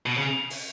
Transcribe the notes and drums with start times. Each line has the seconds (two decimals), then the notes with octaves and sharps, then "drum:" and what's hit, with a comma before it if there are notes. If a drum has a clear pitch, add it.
0.06 B2
0.17 C#3
0.50 drum: open hi-hat